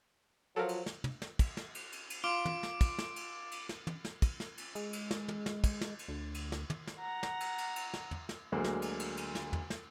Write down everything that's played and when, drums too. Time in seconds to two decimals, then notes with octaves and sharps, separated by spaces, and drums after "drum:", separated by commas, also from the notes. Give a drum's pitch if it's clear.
0.56 F3 F#3 A4 A#4
0.69 drum: cymbal
0.86 drum: snare
1.04 drum: tom
1.22 drum: snare
1.39 drum: kick, cymbal
1.57 drum: snare
1.75 drum: cymbal
1.92 drum: cymbal
2.10 drum: cymbal
2.24 F4 D6 D7
2.45 drum: tom
2.63 drum: snare
2.81 drum: kick, cymbal
2.98 drum: snare
3.16 drum: cymbal
3.52 drum: cymbal
3.69 drum: snare
3.87 drum: tom
4.05 drum: snare
4.22 drum: kick, cymbal
4.40 drum: snare
4.58 drum: cymbal
4.75 G#3, drum: cymbal
4.93 drum: cymbal
5.11 drum: snare
5.28 drum: tom
5.46 drum: snare
5.64 drum: kick, cymbal
5.81 drum: snare
5.99 drum: cymbal
6.08 D2
6.34 drum: cymbal
6.52 drum: snare
6.70 drum: tom
6.87 drum: snare
6.99 F#5 A#5
7.23 drum: snare
7.41 drum: cymbal
7.58 drum: cymbal
7.76 drum: cymbal
7.94 drum: snare
8.11 drum: tom
8.29 drum: snare
8.52 D2 D3 F#3 G#3 A#3
8.64 drum: snare
8.82 drum: cymbal
9.00 drum: cymbal
9.17 drum: cymbal
9.35 drum: snare
9.53 drum: tom
9.70 drum: snare